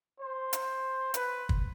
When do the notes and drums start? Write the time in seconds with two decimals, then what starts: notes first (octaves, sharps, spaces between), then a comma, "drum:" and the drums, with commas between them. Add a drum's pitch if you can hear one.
0.21 C5
0.53 drum: hi-hat
1.14 B4, drum: hi-hat
1.49 drum: kick